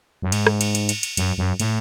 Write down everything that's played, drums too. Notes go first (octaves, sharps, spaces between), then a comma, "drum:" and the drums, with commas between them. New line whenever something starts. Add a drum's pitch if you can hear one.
F#2
G#2, drum: cymbal
drum: rim click
drum: cymbal
drum: cymbal
drum: cymbal
drum: cymbal
F#2, drum: cymbal
F#2
A2, drum: cymbal